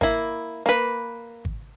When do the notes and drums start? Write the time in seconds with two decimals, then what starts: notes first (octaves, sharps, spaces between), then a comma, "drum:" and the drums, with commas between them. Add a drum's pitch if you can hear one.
0.01 A#3 E4, drum: kick G#1
0.66 A#3 B4
1.45 drum: kick G#1